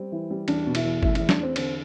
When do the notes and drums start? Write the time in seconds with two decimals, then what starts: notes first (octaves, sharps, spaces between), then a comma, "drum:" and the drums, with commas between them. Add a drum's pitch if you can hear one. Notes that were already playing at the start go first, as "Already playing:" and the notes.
Already playing: G3 C4
0.12 E3
0.31 G3
0.48 E2 D4, drum: cymbal
0.66 B2
0.75 E4, drum: cymbal
0.84 E2
1.03 A3 E4, drum: kick G1
1.15 E4, drum: cymbal
1.20 E2
1.29 D4, drum: snare
1.38 E2 C4
1.56 D3 C4, drum: cymbal